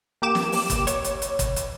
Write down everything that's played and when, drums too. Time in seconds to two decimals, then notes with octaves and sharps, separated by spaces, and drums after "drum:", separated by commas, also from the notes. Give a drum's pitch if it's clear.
0.22 A#3 G4 D6 E7
0.35 drum: snare
0.52 drum: open hi-hat
0.70 drum: kick, hi-hat
0.87 C#5, drum: hi-hat
1.04 drum: hi-hat
1.22 drum: hi-hat
1.39 drum: kick, hi-hat
1.56 drum: hi-hat